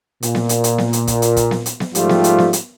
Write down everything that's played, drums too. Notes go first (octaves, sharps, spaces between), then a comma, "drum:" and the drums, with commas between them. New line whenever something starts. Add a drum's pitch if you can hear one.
A#2, drum: hi-hat
drum: snare B3
drum: hi-hat
drum: hi-hat
drum: snare B3
drum: hi-hat
drum: kick, hi-hat
drum: hi-hat
drum: kick, hi-hat
drum: snare B3
drum: hi-hat
drum: snare B3
G#2 F3 G3 A3 F4 G4, drum: hi-hat
drum: snare B3
drum: hi-hat
drum: snare B3
drum: hi-hat